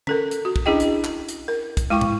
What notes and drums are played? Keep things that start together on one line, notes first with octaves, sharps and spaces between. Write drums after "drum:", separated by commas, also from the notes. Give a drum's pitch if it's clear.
C#4 A4 A#4, drum: tom D3
drum: hi-hat
F#4
drum: kick
C#4 D4 E4 G#4 D#5 G5
drum: hi-hat
drum: clap
drum: hi-hat
A#4
drum: kick, hi-hat
G#3 E4 G5 C#6
drum: tom